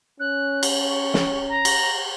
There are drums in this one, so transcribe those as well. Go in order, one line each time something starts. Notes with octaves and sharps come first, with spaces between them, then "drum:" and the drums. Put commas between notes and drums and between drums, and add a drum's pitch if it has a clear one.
C#4 F#6
drum: cymbal
C#6
drum: snare
A#5
drum: cymbal